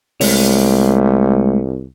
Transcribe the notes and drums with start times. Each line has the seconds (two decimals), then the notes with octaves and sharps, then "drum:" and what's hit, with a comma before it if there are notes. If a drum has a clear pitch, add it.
0.21 C2 G#3 A3 C#5, drum: open hi-hat